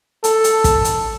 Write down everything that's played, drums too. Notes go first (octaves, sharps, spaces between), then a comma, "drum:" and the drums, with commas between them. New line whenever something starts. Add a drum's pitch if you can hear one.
A4, drum: hi-hat
drum: hi-hat
drum: kick, hi-hat
drum: hi-hat